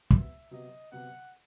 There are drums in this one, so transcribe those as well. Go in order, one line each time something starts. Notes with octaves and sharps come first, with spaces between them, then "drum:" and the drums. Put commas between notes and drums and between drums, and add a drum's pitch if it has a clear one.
C3 F#3 B3 E5, drum: kick
C3 F#3 B3 D#5
C3 F#3 B3 F#5